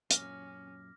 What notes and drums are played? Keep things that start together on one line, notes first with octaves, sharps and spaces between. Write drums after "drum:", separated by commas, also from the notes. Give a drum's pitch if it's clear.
F#2 A#2 C#4 D6 F6 A#6, drum: hi-hat